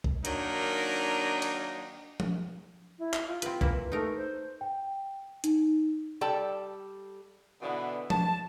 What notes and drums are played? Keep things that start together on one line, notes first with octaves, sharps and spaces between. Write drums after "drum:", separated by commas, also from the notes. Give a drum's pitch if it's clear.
drum: kick
D#3 F#3 A#3 D4 D#4 A#4, drum: hi-hat
drum: cymbal
drum: tom F3
E4
drum: clap
F4
C4 B4, drum: hi-hat
E3 A#3 E4, drum: kick
A3 D#4 A#4
C5
G5
D#4, drum: hi-hat
G3 A4 D5 G5 A5
B2 D3 E3 B3
A5, drum: tom F3